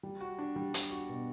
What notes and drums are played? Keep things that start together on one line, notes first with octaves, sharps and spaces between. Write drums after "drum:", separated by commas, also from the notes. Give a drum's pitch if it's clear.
G3
F#4
D4
G3
D4, drum: hi-hat
F#4
B2